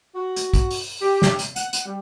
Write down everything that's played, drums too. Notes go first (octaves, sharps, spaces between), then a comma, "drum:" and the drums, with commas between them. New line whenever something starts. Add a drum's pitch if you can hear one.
F#4
drum: hi-hat
drum: kick, hi-hat
drum: open hi-hat
G4
drum: snare
drum: hi-hat
F#5, drum: hi-hat
drum: hi-hat
G3